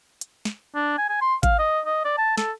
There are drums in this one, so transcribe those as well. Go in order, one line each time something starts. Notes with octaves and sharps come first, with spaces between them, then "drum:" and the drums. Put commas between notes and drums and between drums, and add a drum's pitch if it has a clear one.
drum: hi-hat
drum: snare
D4
G#5
G#5
C6
F5, drum: kick G#1, hi-hat
D#5
D#5
D5
A5
A4, drum: snare